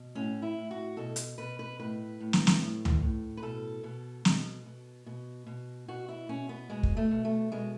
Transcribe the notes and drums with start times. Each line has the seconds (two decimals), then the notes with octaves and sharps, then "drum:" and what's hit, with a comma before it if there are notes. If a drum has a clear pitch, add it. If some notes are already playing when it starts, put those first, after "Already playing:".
Already playing: B2
0.15 A2 C#4
0.42 E4
0.56 A2
0.71 F#4
0.97 B2 A4
1.16 drum: hi-hat
1.38 B2 B4
1.59 B4
1.80 A2 B4
2.20 A2
2.33 drum: snare
2.47 drum: snare
2.61 A2
2.85 drum: tom C#2
3.02 A2
3.37 B4
3.43 B2 A4
3.84 B2
4.25 B2, drum: snare
4.66 B2
5.06 B2
5.47 B2
5.88 B2 F#4
6.09 E4
6.29 B2 C#4
6.49 B3
6.70 B2 G#3
6.83 drum: kick
6.97 A3
7.11 B2
7.25 A3
7.52 B2 G#3